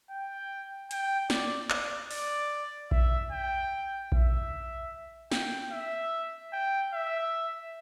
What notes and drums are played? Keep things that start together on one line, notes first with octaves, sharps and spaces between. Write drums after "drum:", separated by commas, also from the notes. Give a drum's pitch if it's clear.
G5
G5, drum: hi-hat
D5, drum: snare
D5, drum: clap
D5, drum: open hi-hat
E5, drum: kick A#1
G5
E5, drum: kick A#1
G5, drum: snare
E5
G5
E5